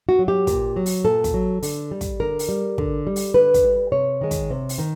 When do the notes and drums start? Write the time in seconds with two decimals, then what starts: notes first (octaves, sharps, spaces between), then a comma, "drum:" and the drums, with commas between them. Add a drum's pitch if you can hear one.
0.09 F#4
0.19 F#3
0.28 G4
0.47 A#2, drum: kick, hi-hat
0.76 F#3
0.86 drum: open hi-hat
1.05 A#2 A4
1.24 drum: kick, hi-hat
1.34 F#3
1.63 D3, drum: open hi-hat
1.91 G3
2.01 drum: kick, hi-hat
2.20 D3 A#4
2.39 drum: open hi-hat
2.49 G3
2.78 D3, drum: kick
3.07 G3
3.16 drum: open hi-hat
3.34 D3 B4
3.54 drum: kick, hi-hat
3.64 G3
3.92 C3 C#5
4.21 D#3 G#3
4.31 drum: kick, hi-hat
4.50 C3
4.69 drum: open hi-hat
4.78 D#3